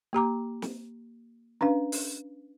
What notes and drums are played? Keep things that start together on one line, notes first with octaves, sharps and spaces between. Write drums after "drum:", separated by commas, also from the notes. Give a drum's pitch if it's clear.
A#3 G4 A#5 D6
drum: snare
C#4 D4 B4 F5
drum: open hi-hat